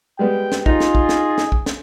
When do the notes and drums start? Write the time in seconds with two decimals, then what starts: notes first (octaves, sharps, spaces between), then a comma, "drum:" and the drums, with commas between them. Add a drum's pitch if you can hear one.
0.19 G3 G#3 B3 G5
0.52 drum: snare
0.66 D#4 F4 G#4, drum: kick
0.80 drum: snare
0.95 drum: kick
1.09 drum: snare
1.38 drum: snare
1.52 drum: kick
1.66 drum: snare